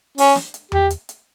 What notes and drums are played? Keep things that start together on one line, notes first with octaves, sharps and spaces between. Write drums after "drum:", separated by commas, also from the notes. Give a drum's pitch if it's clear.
C#4, drum: open hi-hat
drum: snare
drum: hi-hat
G4, drum: tom E2
drum: hi-hat
drum: hi-hat